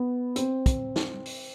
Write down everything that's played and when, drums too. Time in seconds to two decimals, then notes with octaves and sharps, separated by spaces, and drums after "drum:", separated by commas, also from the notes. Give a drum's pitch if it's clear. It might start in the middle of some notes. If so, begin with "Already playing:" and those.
Already playing: B3
0.36 C4, drum: hi-hat
0.66 drum: kick, hi-hat
0.96 drum: snare
1.26 drum: open hi-hat